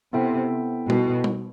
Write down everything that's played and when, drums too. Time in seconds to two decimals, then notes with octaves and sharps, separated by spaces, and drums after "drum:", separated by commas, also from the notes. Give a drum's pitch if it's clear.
0.13 C3 B3 E4 A4 E5 G5
0.90 B2, drum: tom G3
1.24 drum: tom G3